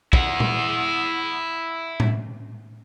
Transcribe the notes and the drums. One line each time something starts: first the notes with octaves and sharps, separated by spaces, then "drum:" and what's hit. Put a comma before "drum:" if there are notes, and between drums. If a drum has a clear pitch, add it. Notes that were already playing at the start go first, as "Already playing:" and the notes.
E4 F#5, drum: kick
drum: tom A#2
drum: tom A2